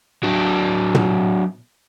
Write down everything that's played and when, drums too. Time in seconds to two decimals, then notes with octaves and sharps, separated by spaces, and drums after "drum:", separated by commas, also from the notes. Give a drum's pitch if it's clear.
0.23 F#3 D4
0.95 drum: tom